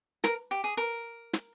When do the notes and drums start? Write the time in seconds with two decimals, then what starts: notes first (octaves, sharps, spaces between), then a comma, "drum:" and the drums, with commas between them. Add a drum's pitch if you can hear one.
0.24 A#4, drum: snare
0.51 G4
0.64 G#4
0.77 A#4
1.33 drum: snare